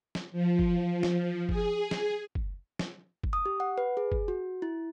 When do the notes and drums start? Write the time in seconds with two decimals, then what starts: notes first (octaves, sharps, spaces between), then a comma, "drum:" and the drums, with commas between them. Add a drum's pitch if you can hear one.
0.15 drum: snare
0.32 F3
0.59 drum: kick F#1
1.03 drum: snare
1.49 G#4, drum: kick F#1
1.91 drum: snare
2.35 drum: kick F#1
2.79 drum: snare
3.23 drum: kick F#1
3.33 D#6
3.46 G4
3.60 F#5
3.78 B4
3.97 G#4
4.12 drum: kick F#1
4.28 F#4
4.62 E4